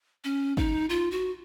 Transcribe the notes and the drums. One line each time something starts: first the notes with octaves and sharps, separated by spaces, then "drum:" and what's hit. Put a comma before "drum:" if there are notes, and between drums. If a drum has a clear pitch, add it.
C#4
D#4, drum: kick
F4
F#4